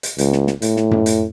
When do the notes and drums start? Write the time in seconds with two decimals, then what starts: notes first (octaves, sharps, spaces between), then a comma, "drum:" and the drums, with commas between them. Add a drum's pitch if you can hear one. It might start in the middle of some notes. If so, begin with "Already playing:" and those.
0.03 drum: hi-hat
0.18 C#2, drum: hi-hat
0.33 drum: snare
0.47 drum: snare
0.62 A2, drum: hi-hat
0.77 drum: snare
0.91 drum: tom F#2
1.06 drum: hi-hat